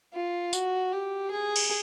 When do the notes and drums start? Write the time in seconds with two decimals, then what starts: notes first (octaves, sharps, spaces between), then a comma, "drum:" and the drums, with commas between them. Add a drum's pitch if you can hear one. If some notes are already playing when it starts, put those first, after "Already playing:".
0.14 F4
0.53 F#4, drum: tambourine
0.92 G4
1.31 G#4
1.56 drum: cymbal